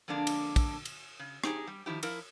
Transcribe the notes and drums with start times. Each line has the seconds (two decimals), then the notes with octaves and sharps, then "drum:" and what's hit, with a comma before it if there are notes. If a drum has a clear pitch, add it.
0.08 F2 D3 G#3 A#3 D4
0.27 drum: cymbal
0.56 drum: kick, cymbal
0.85 drum: cymbal
1.19 C#3
1.44 D#4 G4 G#4, drum: rim click
1.67 G3
1.86 D#3 F3 E4 G4
2.03 F3 E4 A#4, drum: cymbal